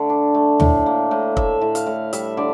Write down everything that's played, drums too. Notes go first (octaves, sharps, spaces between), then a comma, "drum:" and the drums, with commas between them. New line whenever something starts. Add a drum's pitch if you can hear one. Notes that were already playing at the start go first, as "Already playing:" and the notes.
Already playing: D3 A3 D5
D4
A3
A2, drum: tom
A#3
A2
A2 E5, drum: kick
A2
F5, drum: hi-hat
A2
G3 E5, drum: hi-hat
D3 D5